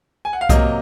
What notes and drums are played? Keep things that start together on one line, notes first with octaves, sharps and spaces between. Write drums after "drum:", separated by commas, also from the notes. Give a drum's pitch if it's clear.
G#5
F#5
F5
C3 F#3 A#3 D#5, drum: kick B1, hi-hat